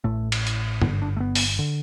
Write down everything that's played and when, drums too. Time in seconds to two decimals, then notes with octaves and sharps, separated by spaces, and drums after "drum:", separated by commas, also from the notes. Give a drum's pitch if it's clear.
0.04 A1 A2 A3
0.32 drum: cymbal
0.47 drum: hi-hat
0.82 G1 G2 D3 B3, drum: tom G#2
1.02 D4
1.17 A3
1.20 B3
1.35 drum: open hi-hat
1.59 D3